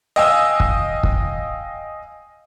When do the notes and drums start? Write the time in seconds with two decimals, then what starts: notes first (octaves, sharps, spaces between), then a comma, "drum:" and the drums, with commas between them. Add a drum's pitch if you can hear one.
0.16 D#5 F5 G5 G#5 D#6 E6
0.60 drum: kick
1.03 drum: kick